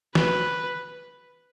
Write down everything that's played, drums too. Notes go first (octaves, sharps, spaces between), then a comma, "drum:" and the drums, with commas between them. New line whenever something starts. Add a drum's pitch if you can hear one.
B4, drum: snare